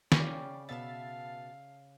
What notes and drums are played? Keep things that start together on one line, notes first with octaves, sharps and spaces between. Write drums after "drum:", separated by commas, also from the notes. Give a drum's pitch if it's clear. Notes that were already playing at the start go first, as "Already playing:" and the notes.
C#3 C#4 D5 F5 G5 B5, drum: snare
B2 B3 E5 F5 A5 A6